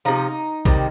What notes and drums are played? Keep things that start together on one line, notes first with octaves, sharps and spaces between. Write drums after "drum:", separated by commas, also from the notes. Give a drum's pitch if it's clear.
C3 F3 D#4
C3 D#3 G3, drum: kick A#1